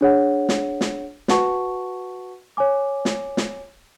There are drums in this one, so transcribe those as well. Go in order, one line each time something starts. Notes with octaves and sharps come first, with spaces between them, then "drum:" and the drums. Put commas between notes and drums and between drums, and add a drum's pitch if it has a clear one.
D4 G#4 C#5 F#5
drum: snare
drum: snare
F#4 B4 F#5 A5 C#6, drum: snare
C#5 G#5 D6
drum: snare
drum: snare